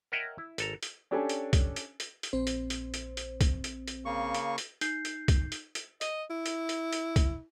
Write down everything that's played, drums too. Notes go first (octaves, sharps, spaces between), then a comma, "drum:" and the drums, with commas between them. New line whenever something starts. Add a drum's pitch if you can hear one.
A#4 C#5 D#5 E5 F#5 G5
E4
G#1 A4 A#5, drum: hi-hat
drum: hi-hat
C#4 D4 G4 A4 G#5
drum: hi-hat
drum: kick C2, hi-hat
drum: hi-hat
drum: hi-hat
drum: hi-hat
A#1 C4 C5
drum: hi-hat
drum: hi-hat
drum: hi-hat
drum: hi-hat
drum: kick C2, hi-hat
drum: hi-hat
drum: hi-hat
C#3 A#3 C#6
drum: hi-hat
drum: hi-hat
D#4 G6 C7, drum: hi-hat
drum: hi-hat
drum: kick C2, hi-hat
drum: hi-hat
drum: hi-hat
D#5, drum: hi-hat
E4
drum: hi-hat
drum: hi-hat
drum: hi-hat
drum: kick C2, hi-hat